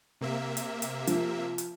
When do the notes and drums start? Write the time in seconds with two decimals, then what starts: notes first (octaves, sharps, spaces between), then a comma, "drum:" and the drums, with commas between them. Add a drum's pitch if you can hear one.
0.21 C3 A#3 E5
0.57 drum: hi-hat
0.82 drum: hi-hat
1.07 F3, drum: hi-hat
1.58 drum: hi-hat